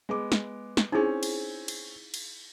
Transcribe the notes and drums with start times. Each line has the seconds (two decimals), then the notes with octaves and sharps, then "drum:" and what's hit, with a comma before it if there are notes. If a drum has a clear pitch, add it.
0.09 G#3 B3 D6
0.32 drum: snare
0.77 drum: snare
0.92 C4 C#4 D#4 E4 G#4
1.23 drum: cymbal
1.68 drum: cymbal
2.14 drum: cymbal